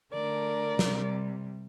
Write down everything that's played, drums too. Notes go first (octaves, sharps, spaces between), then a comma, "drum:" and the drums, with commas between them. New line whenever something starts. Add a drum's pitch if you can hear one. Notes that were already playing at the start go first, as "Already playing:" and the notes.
D3 A3 A#4 D5
C3 G3, drum: snare